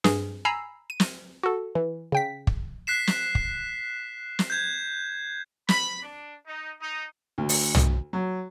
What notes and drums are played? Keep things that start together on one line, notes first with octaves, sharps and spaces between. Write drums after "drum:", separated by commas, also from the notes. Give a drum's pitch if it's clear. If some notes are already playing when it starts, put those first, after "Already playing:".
G2 G#4, drum: snare
G#5 A#5 B5 E6 C7
D#7
drum: snare
F#4 A4
E3
C#3 G5 B6
drum: kick
F#6 B6 C7 E7
drum: snare
drum: kick
drum: snare
G6 G#6
B5, drum: snare
D4
D#4
D#4
D2
drum: open hi-hat
drum: tom
F#3